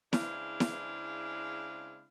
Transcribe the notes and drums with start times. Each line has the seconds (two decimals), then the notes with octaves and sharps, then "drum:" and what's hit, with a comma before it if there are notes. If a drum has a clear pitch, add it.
0.13 C#3 G#3 C4 D4 E4 F5, drum: snare E4
0.60 drum: snare E4